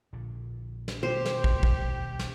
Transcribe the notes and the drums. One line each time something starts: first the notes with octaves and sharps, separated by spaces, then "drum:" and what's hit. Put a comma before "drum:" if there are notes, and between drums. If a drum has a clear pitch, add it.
A#1 A#2 D3
drum: snare
B2 D#3 G3 G4 C5
drum: snare
drum: kick
drum: kick
drum: snare